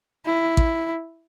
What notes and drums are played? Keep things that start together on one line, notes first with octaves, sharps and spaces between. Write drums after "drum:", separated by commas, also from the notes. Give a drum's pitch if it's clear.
E4
drum: kick A1